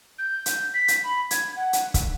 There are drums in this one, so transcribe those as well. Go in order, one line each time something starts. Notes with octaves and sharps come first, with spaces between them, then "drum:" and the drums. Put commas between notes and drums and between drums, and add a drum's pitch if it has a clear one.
G6
drum: hi-hat
B6
drum: hi-hat
B5
G#6, drum: hi-hat
F#5
drum: hi-hat
drum: kick C#1, hi-hat